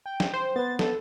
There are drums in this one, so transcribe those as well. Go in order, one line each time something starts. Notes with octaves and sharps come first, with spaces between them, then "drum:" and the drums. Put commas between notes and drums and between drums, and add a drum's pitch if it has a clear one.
G5
drum: snare
C5
B3 B4 A6
A4, drum: snare